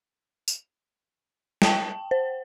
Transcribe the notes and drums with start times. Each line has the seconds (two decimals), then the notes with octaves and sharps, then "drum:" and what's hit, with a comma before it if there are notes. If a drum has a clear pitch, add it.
0.48 drum: tambourine
1.62 G5 A5, drum: snare
2.11 C5